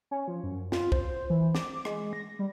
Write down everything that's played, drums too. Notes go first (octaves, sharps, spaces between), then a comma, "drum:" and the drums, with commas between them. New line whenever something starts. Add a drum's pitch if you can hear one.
C#4
F3
F#2
F4, drum: snare
C5, drum: kick
E3
D6, drum: snare
G#3, drum: rim click
A#6
G3